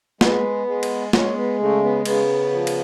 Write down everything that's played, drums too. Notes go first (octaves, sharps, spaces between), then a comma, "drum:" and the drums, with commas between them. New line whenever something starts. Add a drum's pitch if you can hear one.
G#3 B3, drum: snare
G#3
drum: cymbal
G#3 C#4, drum: snare
B3
C#3 A3
B3
C#3 B3, drum: cymbal
F3
drum: cymbal